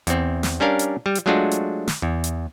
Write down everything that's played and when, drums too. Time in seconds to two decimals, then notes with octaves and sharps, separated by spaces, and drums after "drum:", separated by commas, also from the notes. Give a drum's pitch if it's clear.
0.07 E2 C4, drum: hi-hat
0.43 drum: snare
0.60 G3 C#4 D4 A#4 F5
0.79 drum: hi-hat
1.06 G3
1.15 drum: hi-hat
1.26 F#3 G#3 A3 D4 F4 F#4
1.51 drum: hi-hat
1.88 drum: snare
2.02 E2
2.24 drum: hi-hat